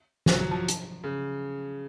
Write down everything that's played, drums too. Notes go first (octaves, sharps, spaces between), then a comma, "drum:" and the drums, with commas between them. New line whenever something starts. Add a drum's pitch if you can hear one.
F#3, drum: snare
F#3
F3
drum: hi-hat
C#3